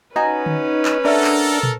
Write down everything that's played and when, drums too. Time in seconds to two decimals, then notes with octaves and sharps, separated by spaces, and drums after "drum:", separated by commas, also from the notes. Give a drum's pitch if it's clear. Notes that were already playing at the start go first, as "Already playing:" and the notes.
0.16 C#4 D#4 F#4 B4 G#5 A#5
0.46 drum: tom D3
0.85 drum: clap
1.05 D4 A4 A#4 E5 F#5
1.24 drum: clap
1.63 drum: tom